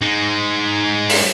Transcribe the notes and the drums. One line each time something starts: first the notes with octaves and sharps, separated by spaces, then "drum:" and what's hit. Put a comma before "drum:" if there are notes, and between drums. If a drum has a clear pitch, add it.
G#3 D#4
drum: open hi-hat